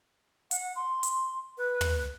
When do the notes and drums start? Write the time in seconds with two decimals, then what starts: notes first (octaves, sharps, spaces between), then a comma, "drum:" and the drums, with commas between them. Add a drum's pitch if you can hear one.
0.51 F#5, drum: hi-hat
0.76 C6
1.03 drum: hi-hat
1.58 B4
1.81 drum: tom